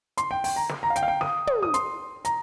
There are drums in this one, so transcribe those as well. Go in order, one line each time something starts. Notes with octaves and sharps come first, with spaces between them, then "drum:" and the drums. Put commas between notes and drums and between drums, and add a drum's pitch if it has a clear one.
C6, drum: hi-hat
G5
G5, drum: open hi-hat
A#5
drum: snare
A#5
F5
G5, drum: hi-hat
F5
G5
D#6, drum: snare
drum: tom
D#6
C6, drum: hi-hat
A#5, drum: hi-hat